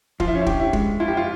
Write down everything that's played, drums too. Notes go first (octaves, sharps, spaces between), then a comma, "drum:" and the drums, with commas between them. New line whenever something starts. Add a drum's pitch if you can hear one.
F3 F4, drum: kick
E4
C#4
E4
G4, drum: kick
E4
G#3, drum: kick
E4 F4
G4
F4